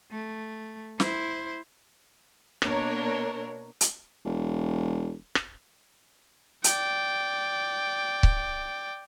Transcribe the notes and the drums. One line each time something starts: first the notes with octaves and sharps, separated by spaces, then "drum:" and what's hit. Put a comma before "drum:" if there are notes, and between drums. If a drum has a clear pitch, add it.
A3
E4 C5, drum: snare
B2 A#3 D4 A#4 C#5, drum: rim click
drum: hi-hat
E1
drum: rim click
D5 G5, drum: hi-hat
drum: kick C#1